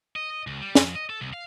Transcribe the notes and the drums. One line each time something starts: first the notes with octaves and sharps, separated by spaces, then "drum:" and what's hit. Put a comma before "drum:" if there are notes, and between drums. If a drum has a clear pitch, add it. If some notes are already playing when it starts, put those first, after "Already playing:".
D#5
C#2
G3
F2, drum: snare
D#5
A4
C2
F5